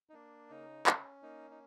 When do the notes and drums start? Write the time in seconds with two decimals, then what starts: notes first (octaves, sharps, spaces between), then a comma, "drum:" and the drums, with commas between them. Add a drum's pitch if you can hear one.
0.10 D#4
0.13 A#3 D4
0.50 C#3 D#4
0.87 C#4, drum: clap
1.23 A#3 D#4
1.51 D#4